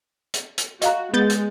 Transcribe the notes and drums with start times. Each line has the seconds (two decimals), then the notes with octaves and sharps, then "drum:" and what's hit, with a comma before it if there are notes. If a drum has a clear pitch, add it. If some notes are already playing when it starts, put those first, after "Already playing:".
0.34 drum: hi-hat
0.58 drum: hi-hat
0.82 F#4 D#5 F5 A#5, drum: hi-hat
1.14 G#3 B3 G6 A6
1.30 drum: hi-hat